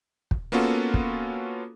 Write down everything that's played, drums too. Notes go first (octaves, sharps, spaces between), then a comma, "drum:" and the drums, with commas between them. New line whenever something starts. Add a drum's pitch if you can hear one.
drum: kick
A#3 B3 C#4 F4 F#4 A4
drum: kick